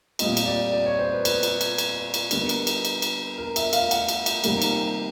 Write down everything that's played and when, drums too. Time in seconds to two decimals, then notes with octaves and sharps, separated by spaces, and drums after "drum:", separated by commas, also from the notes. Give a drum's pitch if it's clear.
0.19 A#2 G3 C4 D#5, drum: cymbal
0.37 drum: cymbal
0.46 D5
0.72 D5
0.86 C#5
0.99 C5
1.12 B4
1.25 B4, drum: cymbal
1.43 drum: cymbal
1.61 drum: cymbal
1.78 drum: cymbal
2.14 drum: cymbal
2.31 D3 G3 B3 A#4, drum: cymbal
2.49 drum: cymbal
2.67 drum: cymbal
2.85 drum: cymbal
3.02 drum: cymbal
3.38 A#4
3.56 E5, drum: cymbal
3.73 F5, drum: cymbal
3.91 F#5, drum: cymbal
4.09 drum: cymbal
4.26 drum: cymbal
4.44 C3 D#3 G3 A#3, drum: cymbal
4.62 drum: cymbal